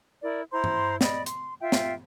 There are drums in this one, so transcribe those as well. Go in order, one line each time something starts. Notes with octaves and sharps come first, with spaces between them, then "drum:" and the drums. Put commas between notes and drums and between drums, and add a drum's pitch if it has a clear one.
E4 A#4 D5
E4 C5 A#5 C6
drum: tom G2
D5 D#5 B5, drum: snare
C6, drum: hi-hat
F4 E5 G5
drum: snare